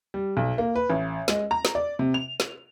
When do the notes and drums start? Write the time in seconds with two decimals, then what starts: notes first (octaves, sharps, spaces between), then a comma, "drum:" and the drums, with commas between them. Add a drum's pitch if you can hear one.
0.14 G3
0.37 B1
0.58 A#3
0.76 B4
0.90 A1
1.28 G#3, drum: snare
1.51 A#5
1.65 drum: snare
1.75 D5
1.99 C3
2.14 F7
2.40 drum: snare